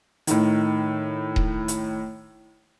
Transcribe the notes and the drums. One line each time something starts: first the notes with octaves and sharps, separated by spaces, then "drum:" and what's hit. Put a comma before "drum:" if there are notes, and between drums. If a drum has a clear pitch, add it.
A2 D#3, drum: hi-hat
drum: kick D#1
drum: hi-hat